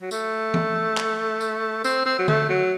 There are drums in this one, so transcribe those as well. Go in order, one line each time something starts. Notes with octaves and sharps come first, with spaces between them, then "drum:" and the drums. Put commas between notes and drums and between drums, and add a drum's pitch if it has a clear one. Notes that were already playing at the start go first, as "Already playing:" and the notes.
F#3
A3, drum: tambourine
drum: tom E3
drum: clap
drum: tambourine
C4, drum: tambourine
C4
F#3
A3, drum: tom D3
F#3